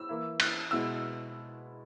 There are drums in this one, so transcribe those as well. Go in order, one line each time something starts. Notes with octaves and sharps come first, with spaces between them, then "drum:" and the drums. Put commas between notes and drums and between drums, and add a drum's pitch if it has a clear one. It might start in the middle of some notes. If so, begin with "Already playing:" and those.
Already playing: E6
E3 A#3 E4
F#6, drum: cymbal
B2 G#3 B3 E4 E6